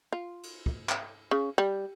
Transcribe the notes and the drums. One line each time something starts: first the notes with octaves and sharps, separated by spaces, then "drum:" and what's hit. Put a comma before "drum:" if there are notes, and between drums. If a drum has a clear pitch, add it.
F4
drum: cymbal
drum: kick
drum: clap
C#3
G3